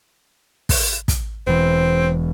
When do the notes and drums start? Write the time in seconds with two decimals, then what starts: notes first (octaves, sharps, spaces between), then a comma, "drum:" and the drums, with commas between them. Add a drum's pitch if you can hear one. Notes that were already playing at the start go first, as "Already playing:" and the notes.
0.69 drum: kick, open hi-hat
1.08 drum: kick, hi-hat
1.47 E1 E3 C4